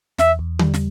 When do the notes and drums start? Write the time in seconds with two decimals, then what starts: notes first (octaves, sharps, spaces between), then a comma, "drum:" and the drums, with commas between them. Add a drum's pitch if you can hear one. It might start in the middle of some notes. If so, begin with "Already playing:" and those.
0.18 E2 E5, drum: snare
0.39 E2
0.59 G3, drum: tom D3
0.74 drum: snare